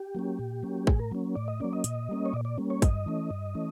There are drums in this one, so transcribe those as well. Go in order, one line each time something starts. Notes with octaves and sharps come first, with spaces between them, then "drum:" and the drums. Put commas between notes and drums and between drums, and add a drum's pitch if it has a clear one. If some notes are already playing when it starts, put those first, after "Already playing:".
Already playing: G4
F#3 A#3 C#4
A#2
F#3 A#3 C#4
A2 G#4, drum: kick
A#4
F#3 A#3 C#4
A2 D5
D#5
F#3 A#3 C#4 D5
D#5
A#2, drum: hi-hat
G3 A#3 C#4
C#5
A#2 D5
D5
G3 A#3 C#4
C#5
G2 D#5, drum: kick, hi-hat
E3 A3 C#4
G2
E3 A3 C#4